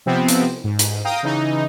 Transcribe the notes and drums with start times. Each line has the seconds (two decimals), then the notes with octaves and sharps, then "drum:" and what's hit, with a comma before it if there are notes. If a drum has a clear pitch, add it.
0.06 C3 F3 B3 C4
0.28 drum: hi-hat
0.64 G#2
0.79 drum: hi-hat
1.05 F5 G5 A#5 D#6
1.23 C#3 E3 D#4